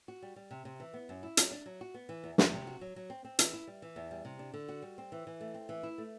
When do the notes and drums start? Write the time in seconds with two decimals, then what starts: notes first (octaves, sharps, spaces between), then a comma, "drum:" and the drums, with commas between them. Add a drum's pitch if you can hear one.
0.08 F#4
0.23 G3
0.36 G3
0.51 C3
0.65 C3
0.80 E3
0.94 B3
1.09 F#2
1.23 E4
1.37 F#3, drum: hi-hat
1.52 D4
1.66 F#3
1.81 F#4
1.94 B3
2.09 E3
2.24 E2
2.38 E2, drum: snare
2.53 C3
2.67 F#4
2.81 F#3
2.96 F#3
3.10 C4
3.25 C4
3.39 E3, drum: hi-hat
3.54 E4
3.67 G3
3.82 E3
3.96 E2
4.11 G3
4.25 C3
4.39 D4
4.54 D3
4.69 F#4
4.82 G3
4.98 C4
5.12 E3
5.27 E3
5.41 A3
5.54 C4
5.69 E3
5.83 E4
5.98 A3